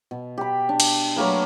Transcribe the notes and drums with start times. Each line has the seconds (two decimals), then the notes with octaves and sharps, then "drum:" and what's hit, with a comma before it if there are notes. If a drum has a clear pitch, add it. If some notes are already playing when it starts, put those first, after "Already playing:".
0.11 B2
0.38 G4 B5
0.69 D4
0.80 drum: cymbal
1.16 F#3 A3 A#3 B4